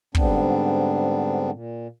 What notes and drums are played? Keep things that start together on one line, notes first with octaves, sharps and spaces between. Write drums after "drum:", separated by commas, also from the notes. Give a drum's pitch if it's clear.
G#2 D3 G3 B3 C4 D4, drum: kick
A#2